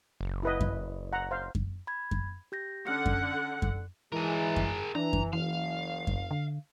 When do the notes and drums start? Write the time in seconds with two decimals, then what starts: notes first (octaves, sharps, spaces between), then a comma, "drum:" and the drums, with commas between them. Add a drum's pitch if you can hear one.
0.21 F#1
0.43 E4 B4 D#5
0.61 drum: kick F#2
1.13 F#5 A#5
1.31 C5 F5
1.55 drum: kick F#2
1.87 B5 G#6
2.11 drum: kick F#2
2.52 G4 G6 A#6
2.87 D3 C#4 F#5 F6 C#7
3.06 drum: kick F#2
3.62 drum: kick F#2
4.12 E3 G#3 G#4 A#4
4.56 drum: kick F#2
4.95 E3 D4 A#5
5.13 drum: kick F#2
5.33 F#1 E3 F5
6.07 drum: kick F#2
6.31 D3